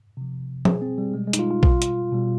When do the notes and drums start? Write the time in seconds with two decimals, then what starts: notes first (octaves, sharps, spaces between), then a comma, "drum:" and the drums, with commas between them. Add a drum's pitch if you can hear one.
0.17 C3 F3
0.65 B2 G3 G#4, drum: tom
0.82 C4
0.98 G3
1.14 B2 G3 G#3
1.27 G#3
1.33 D#4, drum: hi-hat
1.39 F4
1.50 F4
1.63 B2 G3 F4, drum: kick A#1
1.82 drum: hi-hat
2.12 B2 G3